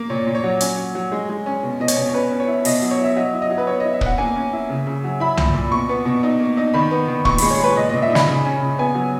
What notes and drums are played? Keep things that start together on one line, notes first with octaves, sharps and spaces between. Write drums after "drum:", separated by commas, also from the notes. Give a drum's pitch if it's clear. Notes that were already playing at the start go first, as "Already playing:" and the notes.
Already playing: A#3
A#2 C#5
A#2
C#5
F#3
C#4, drum: hi-hat
F#3
F#3
G#3
G#3
C#4
B2
B2 D#5
C#5, drum: hi-hat
B2
C#5
C#4 B4
C#4
C#5
E4
B2 D#5, drum: open hi-hat
F#3
C#5
E4 E5
F#3 D#5
E4
D#5
F#3
B4
B3 C#5
E4 D#5
E5
B3, drum: kick
F#5
A#3 G#5
C#4
E4
C#3
C#3
F#3
E4 B5
A#2, drum: tom C2
A#2
B2 C#6
B3
B2
D#4
A#3
D#4
D#3 B5
B3
D#3
A#2 C#6, drum: kick
G#3 B5, drum: open hi-hat
C#5
G#3 B4
A#2 D#5
A#2 D#5
E5
D#4
B5, drum: snare
C#3
C#4
C#3
B3 G#5
F#3